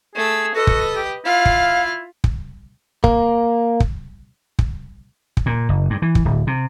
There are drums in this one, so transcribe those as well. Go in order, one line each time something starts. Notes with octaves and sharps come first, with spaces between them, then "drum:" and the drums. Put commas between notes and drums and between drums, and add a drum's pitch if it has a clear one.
A3 G#4 E6
F#4 A4 B4 D#5
drum: kick
G4
E4 F4 F5 F6
drum: kick
drum: kick
A#3, drum: kick
drum: kick
drum: kick
drum: kick
A#2
F#1
G2
E3
drum: kick
D1
C3